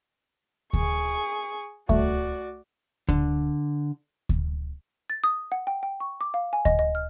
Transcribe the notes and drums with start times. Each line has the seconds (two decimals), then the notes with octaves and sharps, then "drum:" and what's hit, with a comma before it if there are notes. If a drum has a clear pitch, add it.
0.73 G#4 C#6, drum: kick D2
1.89 C2 A3 F#4 D5, drum: kick D2
3.09 D3, drum: kick D2
4.29 drum: kick D2
5.10 A6
5.24 D#6
5.52 F#5
5.67 G5
5.83 G5
6.00 C#6
6.21 D6
6.34 F5
6.53 G#5
6.65 D#5, drum: kick D2
6.79 D#5
6.95 F6